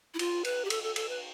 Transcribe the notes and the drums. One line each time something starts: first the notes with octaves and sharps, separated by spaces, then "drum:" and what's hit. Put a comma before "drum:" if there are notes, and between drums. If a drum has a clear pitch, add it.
E4
F4, drum: cymbal
B4, drum: cymbal
G4
A4, drum: cymbal
A4
A4, drum: cymbal
B4